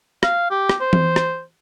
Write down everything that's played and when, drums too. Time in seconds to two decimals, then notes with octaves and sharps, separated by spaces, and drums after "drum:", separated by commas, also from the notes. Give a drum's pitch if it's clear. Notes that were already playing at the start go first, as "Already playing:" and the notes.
0.23 F5, drum: rim click
0.51 G4
0.69 drum: rim click
0.81 C5
0.93 drum: tom E3
1.16 drum: rim click